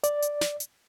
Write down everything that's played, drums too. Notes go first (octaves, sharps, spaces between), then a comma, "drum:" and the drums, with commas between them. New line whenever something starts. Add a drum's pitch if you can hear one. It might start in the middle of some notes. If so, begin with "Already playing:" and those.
D5, drum: hi-hat
drum: hi-hat
drum: snare
drum: hi-hat